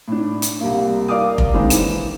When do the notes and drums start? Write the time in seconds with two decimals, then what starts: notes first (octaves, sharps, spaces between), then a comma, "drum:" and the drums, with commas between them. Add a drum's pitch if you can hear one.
0.08 A2 D4
0.42 drum: hi-hat
0.61 C2 G3 A#3
1.08 A#4 D5 F5 D6 D#6
1.38 drum: kick F1
1.54 D#3 G#3 A#3 C4 D4
1.70 E3 E7, drum: hi-hat